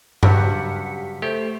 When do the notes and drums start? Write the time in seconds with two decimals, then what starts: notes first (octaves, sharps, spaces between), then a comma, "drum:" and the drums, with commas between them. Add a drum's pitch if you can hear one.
0.23 G2 C#3 F#3 G3 G4 F#5 B6, drum: tom G2
1.22 A3 G4 C5